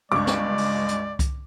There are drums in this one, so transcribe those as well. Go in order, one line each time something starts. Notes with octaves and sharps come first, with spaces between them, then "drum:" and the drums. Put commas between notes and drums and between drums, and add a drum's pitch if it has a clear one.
C#2 G2 G#3 D5 C#6 D6
drum: snare
drum: open hi-hat
drum: hi-hat
drum: kick C2, hi-hat